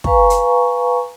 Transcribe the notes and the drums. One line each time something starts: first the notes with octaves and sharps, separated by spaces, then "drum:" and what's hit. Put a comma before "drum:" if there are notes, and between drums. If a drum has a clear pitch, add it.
B4 F5 G#5 A#5 C#6, drum: kick
drum: hi-hat